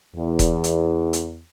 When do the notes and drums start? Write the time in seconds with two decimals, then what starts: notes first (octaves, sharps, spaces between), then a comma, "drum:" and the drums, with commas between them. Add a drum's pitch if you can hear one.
0.14 E2
0.39 drum: kick E1, hi-hat
0.64 drum: hi-hat
1.13 drum: hi-hat